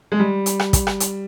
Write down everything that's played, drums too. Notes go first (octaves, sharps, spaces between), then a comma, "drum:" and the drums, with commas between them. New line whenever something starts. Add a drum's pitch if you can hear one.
G#3
G3
drum: hi-hat
drum: rim click
drum: kick, hi-hat
drum: rim click
drum: hi-hat